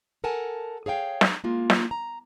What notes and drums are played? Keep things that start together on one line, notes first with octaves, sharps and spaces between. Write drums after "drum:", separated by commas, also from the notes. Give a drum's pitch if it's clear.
A4 A#4 F#5 G#5 A5
G#4 C#5 F5 G5
drum: snare
G#3 A#3 F4
drum: snare
A#5